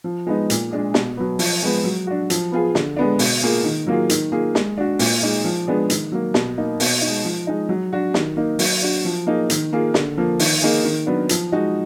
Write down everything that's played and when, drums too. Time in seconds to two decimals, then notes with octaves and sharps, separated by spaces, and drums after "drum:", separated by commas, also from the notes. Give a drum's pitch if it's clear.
0.04 F3
0.27 G#3 B3 D#4
0.50 A#2, drum: hi-hat
0.71 G#3 D4 G#4
0.94 B2, drum: snare
1.17 F#3 B3
1.39 F3, drum: open hi-hat
1.62 G#3 B3
1.84 F#3
2.07 D4 F#4
2.30 F3, drum: hi-hat
2.52 B3 F4 G#4
2.75 D3, drum: snare
2.97 G#3 B3 D4
3.19 B2, drum: open hi-hat
3.42 A#3 F4 G#4
3.64 D#3
3.87 F#3 A#3 F4 G#4
4.10 D#3, drum: hi-hat
4.32 A#3 F4 G#4
4.55 G#3, drum: snare
4.78 D4 F#4
4.99 A#2, drum: open hi-hat
5.22 G#3 D#4 G#4
5.44 F3
5.67 G#3 B3 D4 G#4
5.90 D#3, drum: hi-hat
6.12 F#3 A#3
6.34 B2, drum: snare
6.57 A#3 D#4
6.80 B2, drum: open hi-hat
7.01 D#4
7.06 G#3
7.25 F3
7.47 G#3 D#4
7.69 F#3
7.93 D4 F#4
8.14 D#3, drum: snare
8.36 A#3 D#4
8.59 F#3, drum: open hi-hat
8.82 D4 F#4
9.05 F3
9.27 A#3 D#4 G#4
9.50 D#3, drum: hi-hat
9.73 A#3 F4 G#4
9.94 D3, drum: snare
10.17 F3 A#3
10.39 D#3, drum: open hi-hat
10.62 A#3 D#4 G#4
10.84 D#3
11.06 F#3 B3 D4
11.29 F3, drum: hi-hat
11.52 G#3 D#4 F#4